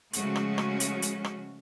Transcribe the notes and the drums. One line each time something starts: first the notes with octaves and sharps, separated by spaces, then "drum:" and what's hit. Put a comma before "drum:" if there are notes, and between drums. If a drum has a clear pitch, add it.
C#3 F3 G#3 A3 C#4 F#4, drum: hi-hat
drum: rim click
drum: rim click
drum: hi-hat
drum: hi-hat
drum: rim click